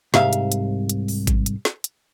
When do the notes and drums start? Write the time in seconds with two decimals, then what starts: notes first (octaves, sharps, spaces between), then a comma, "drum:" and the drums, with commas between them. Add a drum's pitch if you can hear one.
0.14 C2 G#2 E5 F5, drum: snare
0.33 drum: hi-hat
0.52 drum: hi-hat
0.89 drum: hi-hat
1.08 drum: open hi-hat
1.27 drum: kick G#1, hi-hat
1.46 drum: hi-hat
1.65 drum: snare
1.84 drum: hi-hat